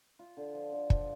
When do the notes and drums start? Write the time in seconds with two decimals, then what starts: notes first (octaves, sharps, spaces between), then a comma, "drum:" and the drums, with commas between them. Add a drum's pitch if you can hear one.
0.19 F4
0.37 D3
0.55 F3
0.72 D3
0.90 F3, drum: kick